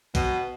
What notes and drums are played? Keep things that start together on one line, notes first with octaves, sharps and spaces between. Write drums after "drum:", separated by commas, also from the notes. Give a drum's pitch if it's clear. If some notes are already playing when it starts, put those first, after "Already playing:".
B2, drum: kick A#1, hi-hat